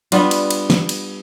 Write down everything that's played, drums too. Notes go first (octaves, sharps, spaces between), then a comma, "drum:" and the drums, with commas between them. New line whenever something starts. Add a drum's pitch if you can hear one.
G3 B3 D4 F4, drum: cymbal
drum: cymbal
drum: cymbal
drum: snare
drum: cymbal